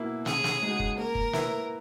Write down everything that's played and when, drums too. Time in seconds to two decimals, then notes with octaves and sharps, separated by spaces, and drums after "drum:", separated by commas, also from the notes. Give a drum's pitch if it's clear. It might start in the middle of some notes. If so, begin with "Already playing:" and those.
Already playing: B2 A#3 E4
0.26 C#3 G#4, drum: snare
0.44 drum: snare
0.62 G#3 D#4 F#4
0.80 drum: kick
0.97 A#3 A#4
1.15 drum: kick
1.33 E4 B4 E5, drum: snare